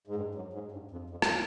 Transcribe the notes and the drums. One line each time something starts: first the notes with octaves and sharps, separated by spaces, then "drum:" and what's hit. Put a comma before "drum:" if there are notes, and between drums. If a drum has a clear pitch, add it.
G#2
G2
F#2
G#2
G2
F2
F2
drum: rim click